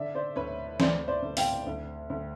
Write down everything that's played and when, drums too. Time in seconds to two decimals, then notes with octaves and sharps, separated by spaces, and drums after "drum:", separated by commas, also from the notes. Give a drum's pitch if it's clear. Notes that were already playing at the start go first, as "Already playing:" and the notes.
Already playing: D3 D5 E5
0.15 C5 D5
0.36 D2 B4 C#5
0.80 D2 C5 D5, drum: snare
1.08 C5 D5
1.22 D2
1.37 F5 G5, drum: open hi-hat
1.66 D2
2.10 D2